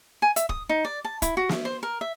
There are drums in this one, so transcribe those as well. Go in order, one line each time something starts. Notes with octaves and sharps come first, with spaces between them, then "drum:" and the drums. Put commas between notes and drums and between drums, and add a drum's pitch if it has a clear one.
G#5
E5, drum: hi-hat
D#6, drum: kick
D#4
D5
A5
E4, drum: kick, hi-hat
F#4
E5, drum: snare
C5
A#4
E5